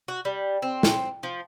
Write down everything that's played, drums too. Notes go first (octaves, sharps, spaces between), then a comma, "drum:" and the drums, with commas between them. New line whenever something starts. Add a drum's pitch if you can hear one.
F#4
G3
C4
drum: snare
F3